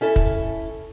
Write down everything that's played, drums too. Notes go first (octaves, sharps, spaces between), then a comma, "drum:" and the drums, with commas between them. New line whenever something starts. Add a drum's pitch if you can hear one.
C#4 E4 A4 A5
drum: kick